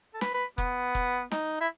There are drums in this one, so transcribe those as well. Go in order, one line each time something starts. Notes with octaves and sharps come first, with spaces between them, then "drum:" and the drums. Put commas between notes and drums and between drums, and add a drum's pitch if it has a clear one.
A4
B4, drum: snare
B4
B3, drum: kick F1
drum: kick F1
D#4, drum: snare
E4